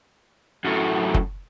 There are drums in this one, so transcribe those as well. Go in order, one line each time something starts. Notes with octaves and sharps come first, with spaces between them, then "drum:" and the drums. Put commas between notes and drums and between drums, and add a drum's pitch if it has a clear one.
F#2 A2
drum: kick F#1